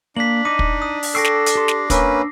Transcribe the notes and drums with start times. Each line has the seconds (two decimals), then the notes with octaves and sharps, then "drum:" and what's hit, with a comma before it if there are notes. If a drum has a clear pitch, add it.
0.16 A#3 D4 B6 F#7
0.45 D#4 D#5 D6
0.59 drum: kick
0.82 D#6
1.03 drum: open hi-hat
1.15 A4 G5 C#6 E6 A#6 C7
1.24 drum: snare
1.46 drum: hi-hat
1.55 G4 C6
1.68 drum: snare
1.90 A#3 C#4 D4 B4 D6 E6, drum: kick, hi-hat